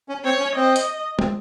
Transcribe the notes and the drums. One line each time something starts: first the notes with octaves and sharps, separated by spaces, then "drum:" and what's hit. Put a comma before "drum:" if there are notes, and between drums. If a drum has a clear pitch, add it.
C#4
C4 C#5
C#4
C4 D#5
drum: hi-hat
C4, drum: tom